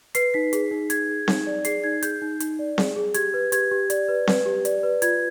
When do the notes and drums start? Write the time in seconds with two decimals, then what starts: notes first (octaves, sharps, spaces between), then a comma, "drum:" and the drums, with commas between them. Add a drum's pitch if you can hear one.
0.15 B4 C7, drum: hi-hat
0.34 D#4 B6
0.53 G#4, drum: hi-hat
0.71 D#4
0.90 G#4 G#6, drum: hi-hat
1.09 G#4
1.28 D#4, drum: snare C4
1.47 D5
1.65 G#4 C7, drum: hi-hat
1.84 D#4 G#6
2.03 G#4 G6, drum: hi-hat
2.22 D#4
2.40 D#4, drum: hi-hat
2.59 D5
2.78 G#4, drum: snare C4
2.96 G#4
3.14 G4 G#6, drum: hi-hat
3.34 B4
3.52 G4 G#6, drum: hi-hat
3.71 G4
3.90 D5, drum: hi-hat
4.08 B4
4.27 B4, drum: snare C4
4.46 G4
4.65 D5, drum: hi-hat
4.83 B4
5.02 F4 G#6, drum: hi-hat